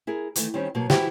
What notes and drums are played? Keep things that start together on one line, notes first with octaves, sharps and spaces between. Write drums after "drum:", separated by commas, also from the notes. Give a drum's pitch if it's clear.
E4 G#4 A#4
D#3 E3 A3, drum: hi-hat
D#3 G3 C4 C#4
B2 F#3 A#3
E3 E4 F#4 G4 C5 E5, drum: snare